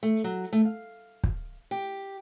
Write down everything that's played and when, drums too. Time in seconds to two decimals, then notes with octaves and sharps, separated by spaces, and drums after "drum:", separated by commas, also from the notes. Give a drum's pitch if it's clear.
0.03 A3
0.24 F#3
0.53 A3
0.65 F5
1.24 drum: kick
1.71 G4